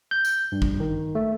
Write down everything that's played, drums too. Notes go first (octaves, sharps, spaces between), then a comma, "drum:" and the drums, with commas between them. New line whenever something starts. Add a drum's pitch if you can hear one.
G6
drum: tambourine
G2
drum: kick
D#3
A3